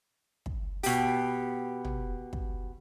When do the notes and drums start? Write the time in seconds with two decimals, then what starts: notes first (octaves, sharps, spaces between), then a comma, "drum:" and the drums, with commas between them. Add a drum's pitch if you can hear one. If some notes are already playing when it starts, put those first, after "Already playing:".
0.46 drum: kick
0.83 B2 G4, drum: open hi-hat
1.85 drum: tom
2.33 drum: kick